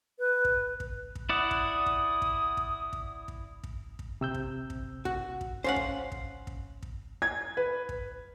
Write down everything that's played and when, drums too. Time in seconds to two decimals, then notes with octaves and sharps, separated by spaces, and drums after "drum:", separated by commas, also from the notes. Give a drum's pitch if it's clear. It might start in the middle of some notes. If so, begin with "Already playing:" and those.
0.19 B4
0.44 drum: kick
0.80 drum: kick
1.15 drum: kick
1.29 E4 D5 F#5 D#6
1.51 drum: kick
1.86 drum: kick
2.22 drum: kick
2.57 drum: kick
2.93 drum: kick
3.28 drum: kick
3.63 drum: kick
3.99 drum: kick
4.21 C3 E6 G6
4.34 drum: kick
4.70 drum: kick
5.05 F#4, drum: kick
5.41 drum: kick
5.64 C#4 C5 F5 F#5
5.76 drum: kick
6.12 drum: kick
6.47 drum: kick
6.82 drum: kick
7.22 G#6
7.57 B4
7.89 drum: kick